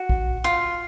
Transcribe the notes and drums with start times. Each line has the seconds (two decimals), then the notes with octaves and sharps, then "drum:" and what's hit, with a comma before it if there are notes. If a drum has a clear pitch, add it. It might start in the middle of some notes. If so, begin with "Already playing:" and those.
Already playing: F#4
0.09 drum: kick
0.44 F4